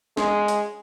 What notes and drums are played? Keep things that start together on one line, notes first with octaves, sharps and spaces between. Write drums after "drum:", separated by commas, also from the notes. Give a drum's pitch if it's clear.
G#3, drum: snare C#4
drum: hi-hat